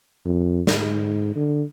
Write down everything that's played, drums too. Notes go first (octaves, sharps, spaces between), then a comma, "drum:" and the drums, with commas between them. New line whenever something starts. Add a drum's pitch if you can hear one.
F2
G#2, drum: snare
D3